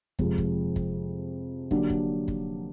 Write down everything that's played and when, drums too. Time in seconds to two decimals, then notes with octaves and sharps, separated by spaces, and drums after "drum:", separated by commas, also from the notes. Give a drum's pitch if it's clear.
0.19 F2 C3 F3 G#3, drum: kick
0.38 drum: kick
0.76 drum: kick
1.71 D3 F#3 A#3 D4 G4, drum: kick
1.90 drum: kick
2.28 drum: kick